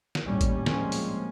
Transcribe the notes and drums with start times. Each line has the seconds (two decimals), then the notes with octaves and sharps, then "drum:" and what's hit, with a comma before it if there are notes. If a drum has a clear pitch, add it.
0.15 drum: snare
0.24 A#1 D#2 A2 G3 C#4
0.41 drum: kick A1, hi-hat
0.66 F3 G3 G#3 A#3 C4 C#4, drum: snare
0.92 drum: open hi-hat